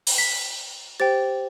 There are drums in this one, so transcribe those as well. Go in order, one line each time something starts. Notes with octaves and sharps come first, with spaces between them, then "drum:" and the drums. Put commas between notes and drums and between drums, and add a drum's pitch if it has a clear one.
drum: open hi-hat
B6
G4 C5 G5 A6